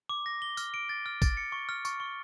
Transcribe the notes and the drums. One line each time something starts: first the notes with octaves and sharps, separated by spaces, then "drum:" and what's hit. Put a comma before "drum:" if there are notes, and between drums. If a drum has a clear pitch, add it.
D6
A#6
G7
F6, drum: tambourine
D7
A6
F6
A6, drum: kick, tambourine
C#7
C#6
F6
C#6, drum: tambourine
C#6